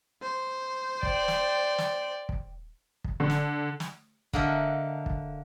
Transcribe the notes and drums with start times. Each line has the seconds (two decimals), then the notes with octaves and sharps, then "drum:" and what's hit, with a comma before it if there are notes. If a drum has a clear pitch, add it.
0.22 C5
1.03 D5 G5, drum: kick
1.28 drum: snare
1.78 drum: snare
2.29 drum: kick
3.04 drum: kick
3.20 D3
3.30 drum: snare
3.80 drum: snare
4.33 D3 A#3 A4 D#5 E5 F#5, drum: kick
5.06 drum: kick